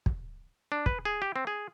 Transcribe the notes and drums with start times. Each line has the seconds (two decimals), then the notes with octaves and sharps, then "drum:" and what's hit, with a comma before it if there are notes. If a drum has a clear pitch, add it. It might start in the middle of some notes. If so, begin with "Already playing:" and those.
0.06 drum: kick
0.72 D4
0.86 B4, drum: kick
1.05 G#4
1.22 G4
1.36 C4
1.47 G#4